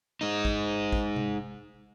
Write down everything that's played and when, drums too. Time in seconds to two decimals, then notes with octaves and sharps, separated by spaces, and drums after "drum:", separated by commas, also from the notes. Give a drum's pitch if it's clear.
0.21 G#3 D#4
0.45 drum: kick A1
0.92 drum: kick A1
1.16 drum: tom C3